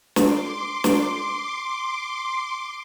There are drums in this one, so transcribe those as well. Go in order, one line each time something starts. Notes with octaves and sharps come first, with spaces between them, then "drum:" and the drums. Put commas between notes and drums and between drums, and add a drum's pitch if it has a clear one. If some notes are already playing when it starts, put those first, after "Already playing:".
C6 D6, drum: snare
drum: snare